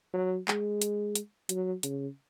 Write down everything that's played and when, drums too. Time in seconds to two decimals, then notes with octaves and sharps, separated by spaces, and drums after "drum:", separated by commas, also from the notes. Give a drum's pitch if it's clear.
0.14 F#3
0.48 G#3, drum: clap
0.82 drum: hi-hat
1.15 drum: hi-hat
1.49 F#3, drum: hi-hat
1.83 C#3, drum: hi-hat